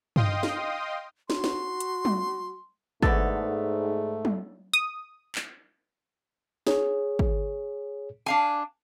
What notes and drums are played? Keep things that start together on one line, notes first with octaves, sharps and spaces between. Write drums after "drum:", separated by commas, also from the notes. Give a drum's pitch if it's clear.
D#5 F5 G5 C6 D#6, drum: tom G2
drum: snare
F#4 C6, drum: snare
drum: snare
drum: hi-hat
drum: tom F#3
G#2 B2 D3 A3 B3 A4, drum: kick
drum: tom F#3
D#6, drum: hi-hat
drum: clap
G#4 C#5, drum: snare
drum: kick
D4 F5 G#5